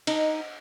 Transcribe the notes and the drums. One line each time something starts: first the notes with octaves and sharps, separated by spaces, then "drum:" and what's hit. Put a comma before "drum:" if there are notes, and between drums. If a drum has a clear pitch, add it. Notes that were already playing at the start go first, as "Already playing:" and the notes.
D#4, drum: cymbal